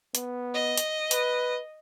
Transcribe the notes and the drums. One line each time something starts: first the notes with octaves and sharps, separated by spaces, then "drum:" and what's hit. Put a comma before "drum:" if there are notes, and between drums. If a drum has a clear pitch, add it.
B3, drum: hi-hat
D#5
drum: hi-hat
B4, drum: hi-hat